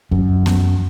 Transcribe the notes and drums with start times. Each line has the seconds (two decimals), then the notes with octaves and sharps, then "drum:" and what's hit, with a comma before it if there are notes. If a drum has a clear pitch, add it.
0.11 F#2, drum: kick C#2
0.46 drum: snare B3